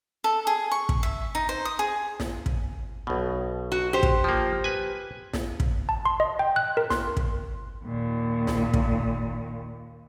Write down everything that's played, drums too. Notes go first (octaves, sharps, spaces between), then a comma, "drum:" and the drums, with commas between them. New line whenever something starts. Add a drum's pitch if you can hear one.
A4
G#4
C#6
drum: kick
E5
D#4
C5
D#6
G#4
drum: snare
drum: kick
B1 B2
F#4
G4 C5
drum: kick
F3 A#3
B4 G#5
drum: snare
drum: kick
A5
C6
D#5
G5
F#6
A#4
C6, drum: snare
drum: kick
D#2 A#2
drum: snare
drum: kick